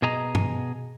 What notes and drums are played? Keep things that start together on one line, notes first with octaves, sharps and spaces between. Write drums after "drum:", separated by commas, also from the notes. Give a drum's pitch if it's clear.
B2 G#4 D#5 A#5
drum: tom